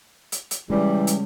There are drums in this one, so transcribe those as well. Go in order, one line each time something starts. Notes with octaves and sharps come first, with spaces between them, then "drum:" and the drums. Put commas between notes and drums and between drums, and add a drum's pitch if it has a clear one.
drum: hi-hat
drum: hi-hat
C#3 E3 G3 G#3
drum: hi-hat